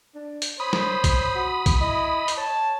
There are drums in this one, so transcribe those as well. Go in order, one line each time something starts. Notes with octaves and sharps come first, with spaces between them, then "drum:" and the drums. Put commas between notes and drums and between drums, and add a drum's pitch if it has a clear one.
D4
drum: hi-hat
C5 C#5 B5 D#6
drum: snare
drum: kick A#1, hi-hat
F#4
drum: kick A#1, hi-hat
E4 D#5
drum: hi-hat
C#5 A5